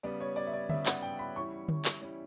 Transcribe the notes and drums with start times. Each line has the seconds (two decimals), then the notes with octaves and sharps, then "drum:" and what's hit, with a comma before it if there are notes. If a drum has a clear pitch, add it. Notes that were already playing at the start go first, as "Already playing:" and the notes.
0.03 C#3 G3 B3 D5
0.20 C#5
0.36 D5
0.47 E5
0.53 D5
0.69 C#3 G3 B3 E5, drum: tom D3
0.86 F#5, drum: clap
1.02 G5
1.19 B5
1.36 E3 G3 C#4 E4 C#6
1.69 drum: tom D3
1.85 drum: clap
2.01 E3 G3 C#4 E4